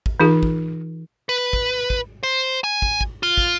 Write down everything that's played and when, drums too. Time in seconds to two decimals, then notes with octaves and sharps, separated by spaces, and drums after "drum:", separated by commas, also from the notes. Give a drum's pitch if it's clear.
0.06 drum: kick
0.20 E3 D#4 F4 G#4
0.43 drum: kick
1.29 B4
1.53 drum: kick
1.90 drum: kick
2.23 C5
2.64 G#5
2.82 drum: kick
3.01 drum: kick
3.23 F4
3.38 drum: kick